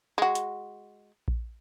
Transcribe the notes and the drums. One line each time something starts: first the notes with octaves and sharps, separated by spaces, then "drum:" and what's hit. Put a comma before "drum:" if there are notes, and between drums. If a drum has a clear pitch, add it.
G#3 F#4
drum: hi-hat
drum: kick A#1